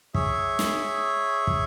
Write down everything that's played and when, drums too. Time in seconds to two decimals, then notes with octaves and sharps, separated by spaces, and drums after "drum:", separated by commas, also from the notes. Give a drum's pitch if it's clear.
0.15 G#4 C#5 E5, drum: kick
0.59 drum: snare
1.47 drum: kick